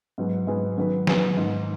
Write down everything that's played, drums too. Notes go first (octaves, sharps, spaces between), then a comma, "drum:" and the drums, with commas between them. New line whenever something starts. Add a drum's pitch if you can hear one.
G#2 F#3 B3 G#4
G#2 F#3 B3 G#4
D#3 F#3 B3 G#4 B4
D#3 F#3 B3 G#4 B4, drum: snare
G#2 D#3 B3